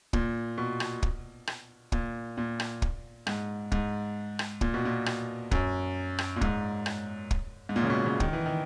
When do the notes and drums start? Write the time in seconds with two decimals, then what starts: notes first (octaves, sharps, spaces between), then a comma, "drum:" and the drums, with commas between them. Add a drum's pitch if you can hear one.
0.13 A#2, drum: kick
0.58 B2
0.80 drum: rim click
1.03 drum: kick
1.47 drum: rim click
1.92 A#2, drum: kick
2.37 A#2
2.60 drum: rim click
2.82 drum: kick
3.27 G#2, drum: rim click
3.72 G#2, drum: kick
4.39 drum: rim click
4.61 A#2, drum: kick
4.74 B2
4.85 A#2
5.06 drum: rim click
5.51 F#2, drum: kick
6.18 drum: rim click
6.36 A#2
6.41 G#2, drum: kick
6.86 drum: rim click
7.31 drum: kick
7.69 G#2
7.76 A#2
7.83 C#3
7.90 B2
8.06 C#3
8.20 D#3, drum: kick
8.33 E3
8.46 D#3